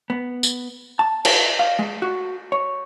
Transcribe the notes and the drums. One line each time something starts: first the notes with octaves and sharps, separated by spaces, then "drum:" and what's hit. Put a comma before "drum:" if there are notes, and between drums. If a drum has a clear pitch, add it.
B3
drum: tambourine
A5
A4, drum: cymbal
F5
G#3
F#4
C#5